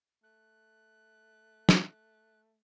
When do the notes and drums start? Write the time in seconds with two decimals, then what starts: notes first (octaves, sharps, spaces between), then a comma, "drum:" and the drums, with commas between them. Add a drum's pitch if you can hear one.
0.23 A3 F#6
1.69 drum: snare